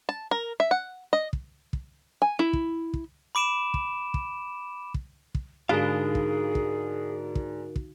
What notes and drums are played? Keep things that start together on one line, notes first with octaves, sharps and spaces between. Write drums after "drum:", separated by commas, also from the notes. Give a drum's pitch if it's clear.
A5
A#4
E5
F#5
D#5
drum: kick
drum: kick
G#5
E4
drum: kick
drum: kick
B5 D6 D7 E7
drum: kick
drum: kick
drum: kick
drum: kick
G#2 D3 D4 D#4 F#4 G#4 A#4 F5
drum: kick
drum: kick
drum: kick
drum: kick